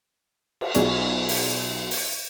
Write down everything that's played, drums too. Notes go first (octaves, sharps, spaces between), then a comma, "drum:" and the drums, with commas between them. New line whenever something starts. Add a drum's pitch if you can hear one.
drum: cymbal
B1 F#3 F4 G#4 D5 C#6, drum: hi-hat
drum: open hi-hat
drum: open hi-hat